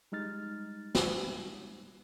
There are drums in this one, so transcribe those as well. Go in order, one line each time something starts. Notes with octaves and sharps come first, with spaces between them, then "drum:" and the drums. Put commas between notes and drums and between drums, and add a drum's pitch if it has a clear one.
G3 G#3 D#4 F6 A6
drum: snare